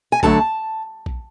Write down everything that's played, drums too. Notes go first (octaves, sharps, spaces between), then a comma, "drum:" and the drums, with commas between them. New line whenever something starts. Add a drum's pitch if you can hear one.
G#5
D3 F#3 A3 A5, drum: kick
drum: kick